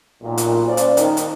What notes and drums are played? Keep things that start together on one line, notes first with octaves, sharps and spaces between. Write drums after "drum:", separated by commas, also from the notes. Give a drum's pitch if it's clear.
B1 A#2
drum: hi-hat
C#4 C5 D5 F5
drum: hi-hat
D#3 D#4, drum: hi-hat
drum: hi-hat